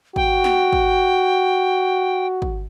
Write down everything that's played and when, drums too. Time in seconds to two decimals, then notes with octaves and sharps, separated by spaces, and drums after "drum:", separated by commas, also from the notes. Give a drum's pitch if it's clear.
0.16 F#4 G5, drum: kick
0.44 drum: snare
0.73 drum: kick
2.42 drum: kick